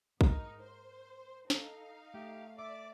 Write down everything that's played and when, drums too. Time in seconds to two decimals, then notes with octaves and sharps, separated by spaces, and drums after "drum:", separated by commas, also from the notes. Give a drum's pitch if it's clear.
0.21 G#2 D#4 A#4, drum: kick
0.62 C5
1.50 D#4 A4 F5, drum: snare
2.14 A3 G4
2.58 D5 E5 D6